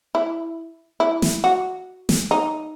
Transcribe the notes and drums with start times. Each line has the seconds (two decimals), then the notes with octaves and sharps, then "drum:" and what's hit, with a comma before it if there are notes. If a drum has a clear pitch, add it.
0.15 E4
1.00 E4
1.22 drum: snare
1.44 F#4
2.09 drum: snare
2.31 D#4